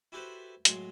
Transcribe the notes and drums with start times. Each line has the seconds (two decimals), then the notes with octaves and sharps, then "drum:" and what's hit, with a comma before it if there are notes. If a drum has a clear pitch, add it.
0.12 E4 F#4 G4 A4 B4 C5
0.65 A2 F#3 G#3 C6, drum: hi-hat